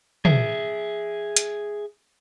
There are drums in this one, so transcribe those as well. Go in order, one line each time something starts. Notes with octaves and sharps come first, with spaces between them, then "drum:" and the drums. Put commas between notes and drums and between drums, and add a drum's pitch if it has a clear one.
G#4 E5, drum: tom
drum: hi-hat